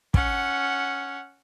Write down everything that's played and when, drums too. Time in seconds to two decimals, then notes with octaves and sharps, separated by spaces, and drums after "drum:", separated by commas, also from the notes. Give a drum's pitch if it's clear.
0.14 C#4 F#5, drum: kick